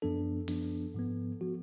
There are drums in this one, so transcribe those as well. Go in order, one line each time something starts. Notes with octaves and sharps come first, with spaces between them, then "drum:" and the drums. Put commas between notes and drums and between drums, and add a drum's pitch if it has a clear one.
F#2 F3 B3 D4 A4
F#2 F3 B3 D4, drum: open hi-hat
G#2 F3 B3
F3 B3 F#4